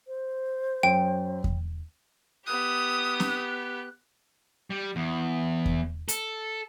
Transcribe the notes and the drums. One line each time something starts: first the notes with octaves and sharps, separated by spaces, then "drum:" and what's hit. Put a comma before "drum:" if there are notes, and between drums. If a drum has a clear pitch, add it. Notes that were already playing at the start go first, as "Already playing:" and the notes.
C5
F#2 G5
drum: kick E2
B3 G4 D#6 F#6
drum: snare
G3
E2
drum: kick E2
A4, drum: hi-hat